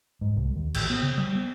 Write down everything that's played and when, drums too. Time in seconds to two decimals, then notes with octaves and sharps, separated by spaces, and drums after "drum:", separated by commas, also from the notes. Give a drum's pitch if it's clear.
0.21 G#2
0.36 C2
0.56 D#2
0.74 A1, drum: cymbal
0.90 B3
1.03 C#3
1.18 G3
1.35 B3